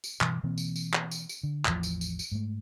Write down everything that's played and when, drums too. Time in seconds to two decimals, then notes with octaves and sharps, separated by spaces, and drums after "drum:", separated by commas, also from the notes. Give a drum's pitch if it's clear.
0.04 drum: tambourine
0.21 G2 B2 E3, drum: clap
0.43 B2 E3 A#3 C4
0.58 drum: tambourine
0.76 drum: tambourine
0.93 drum: clap
1.11 drum: tambourine
1.29 drum: tambourine
1.43 D3
1.65 A1 E2 E3 F3, drum: clap
1.83 drum: tambourine
2.01 drum: tambourine
2.19 drum: tambourine
2.32 G#2 A3